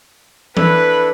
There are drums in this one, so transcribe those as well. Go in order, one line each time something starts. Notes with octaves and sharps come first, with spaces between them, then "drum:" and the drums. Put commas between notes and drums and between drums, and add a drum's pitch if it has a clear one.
D4 E4 A4 B4, drum: tom E3